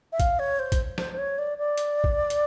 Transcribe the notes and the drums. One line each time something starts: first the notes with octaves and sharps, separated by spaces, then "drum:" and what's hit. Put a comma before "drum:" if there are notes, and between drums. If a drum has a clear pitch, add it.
E5
F5, drum: kick, hi-hat
C#5
C5
drum: kick, hi-hat
C5, drum: snare
C5
C#5
D5
D5
drum: hi-hat
drum: kick
drum: hi-hat